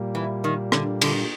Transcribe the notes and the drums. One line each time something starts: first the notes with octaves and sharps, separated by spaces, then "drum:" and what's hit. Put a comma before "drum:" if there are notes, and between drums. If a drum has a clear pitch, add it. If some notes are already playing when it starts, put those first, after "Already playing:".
Already playing: A#2 G3 A#3
E3
D#3
D3, drum: rim click
D3, drum: cymbal